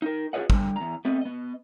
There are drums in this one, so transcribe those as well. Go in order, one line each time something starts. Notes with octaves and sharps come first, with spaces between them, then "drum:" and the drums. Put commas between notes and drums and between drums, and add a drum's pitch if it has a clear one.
D#4 A#4
F4 G#4 B4 C#5 D#5 F#5
D3 G3, drum: kick
E2 A#5
A3 B3 C4 D#5
B3 D#5